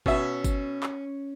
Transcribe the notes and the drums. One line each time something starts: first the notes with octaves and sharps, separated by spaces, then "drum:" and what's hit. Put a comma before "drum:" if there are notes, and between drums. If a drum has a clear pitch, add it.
B2 C#4 E5, drum: kick G1
drum: kick G1, tambourine
drum: clap